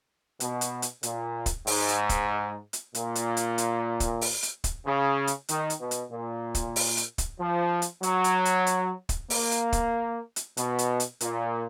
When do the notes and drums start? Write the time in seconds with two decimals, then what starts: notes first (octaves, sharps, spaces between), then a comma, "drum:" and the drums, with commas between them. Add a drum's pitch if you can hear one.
0.40 B2, drum: hi-hat
0.61 drum: hi-hat
0.82 drum: hi-hat
1.03 A#2, drum: hi-hat
1.46 drum: kick, hi-hat
1.67 G#2, drum: open hi-hat
1.88 drum: hi-hat
2.09 drum: kick, hi-hat
2.73 drum: hi-hat
2.95 A#2, drum: hi-hat
3.15 drum: hi-hat
3.37 drum: hi-hat
3.58 drum: hi-hat
4.00 drum: kick, hi-hat
4.21 drum: open hi-hat
4.43 drum: hi-hat
4.64 drum: kick, hi-hat
4.85 C#3
5.27 drum: hi-hat
5.49 D#3, drum: hi-hat
5.70 drum: hi-hat
5.80 B2
5.91 drum: hi-hat
6.12 A#2
6.55 drum: kick, hi-hat
6.76 drum: open hi-hat
6.97 drum: hi-hat
7.18 drum: kick, hi-hat
7.39 F3
7.82 drum: hi-hat
8.03 F#3, drum: hi-hat
8.24 drum: hi-hat
8.45 drum: hi-hat
8.67 drum: hi-hat
9.09 drum: kick, hi-hat
9.30 A#3, drum: open hi-hat
9.51 drum: hi-hat
9.73 drum: kick, hi-hat
10.36 drum: hi-hat
10.57 B2, drum: hi-hat
10.79 drum: hi-hat
11.00 drum: hi-hat
11.21 A#2, drum: hi-hat